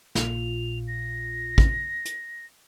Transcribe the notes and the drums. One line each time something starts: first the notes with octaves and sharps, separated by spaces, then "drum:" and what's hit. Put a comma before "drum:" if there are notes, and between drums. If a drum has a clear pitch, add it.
A#1 A#2 F4 F7, drum: snare
A#6
drum: kick A1
drum: hi-hat